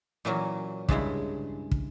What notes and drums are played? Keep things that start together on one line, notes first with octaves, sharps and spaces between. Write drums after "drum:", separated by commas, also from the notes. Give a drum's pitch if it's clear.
A#2 E3 F#3 C#4
G2 C#3 G#3 E4, drum: kick
drum: kick